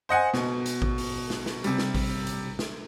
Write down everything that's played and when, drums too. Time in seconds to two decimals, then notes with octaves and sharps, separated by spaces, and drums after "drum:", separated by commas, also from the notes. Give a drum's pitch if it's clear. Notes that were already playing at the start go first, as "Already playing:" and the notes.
0.09 C5 D#5 F#5 G#5
0.33 B2, drum: snare
0.66 drum: hi-hat
0.82 drum: kick A1
0.98 drum: open hi-hat
1.30 drum: snare
1.46 drum: snare
1.64 C3 G3, drum: hi-hat
1.78 drum: snare
1.95 drum: kick A1, open hi-hat
2.27 drum: hi-hat
2.59 drum: snare